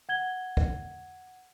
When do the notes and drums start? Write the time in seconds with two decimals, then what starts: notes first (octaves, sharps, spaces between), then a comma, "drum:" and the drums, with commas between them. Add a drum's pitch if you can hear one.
0.09 F#5 G#6 G7
0.57 drum: kick